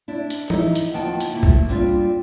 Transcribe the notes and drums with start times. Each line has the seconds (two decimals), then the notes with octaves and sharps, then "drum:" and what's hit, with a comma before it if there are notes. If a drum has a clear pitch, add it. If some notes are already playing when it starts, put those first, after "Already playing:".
0.08 D4 E4
0.30 drum: hi-hat
0.50 D#4 E4 D#5, drum: tom E3
0.75 drum: hi-hat
0.93 D#2 D#3 F3 B3 G5 A5
1.20 drum: hi-hat
1.33 A3 A#3 E4
1.43 drum: kick
1.69 G3 C4 D4 F4